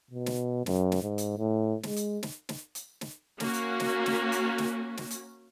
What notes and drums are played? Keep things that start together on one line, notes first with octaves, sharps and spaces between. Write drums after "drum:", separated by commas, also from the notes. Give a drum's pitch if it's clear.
B2
drum: snare
F#2, drum: snare
drum: snare
G#2
drum: hi-hat
A2
G#3, drum: snare
drum: hi-hat
drum: snare
drum: snare
drum: hi-hat
drum: snare
A#3 C#4 F#4, drum: snare
drum: hi-hat
drum: snare
drum: snare
drum: hi-hat
drum: snare
drum: snare
drum: hi-hat